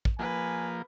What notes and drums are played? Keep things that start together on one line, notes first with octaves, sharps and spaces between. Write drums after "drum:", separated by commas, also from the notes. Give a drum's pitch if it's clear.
drum: kick
F3 A#3 B4 G#5